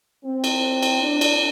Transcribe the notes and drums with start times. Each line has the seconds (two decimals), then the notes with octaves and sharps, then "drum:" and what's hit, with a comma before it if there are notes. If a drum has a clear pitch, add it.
0.24 C4
0.44 drum: cymbal
0.82 drum: cymbal
1.02 D4
1.21 drum: cymbal